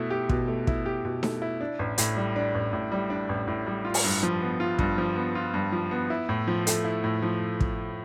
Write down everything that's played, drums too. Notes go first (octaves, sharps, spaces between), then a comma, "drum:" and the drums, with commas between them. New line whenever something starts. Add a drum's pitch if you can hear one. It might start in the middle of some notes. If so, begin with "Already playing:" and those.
Already playing: B2 A3 E4
G4
B2, drum: kick
A3
E4, drum: kick
G4
B2
A3, drum: snare D#4
E4
D4
A1
A2, drum: hi-hat
G3
D4
A1
A2
G3
D4
A1
A2
G3
F4
drum: open hi-hat
G2
F3
B3
F4
G2, drum: kick
F3
B3
F4
G2
F3
B3
E4
A2
F3
A3, drum: hi-hat
E4
A2
F3
drum: kick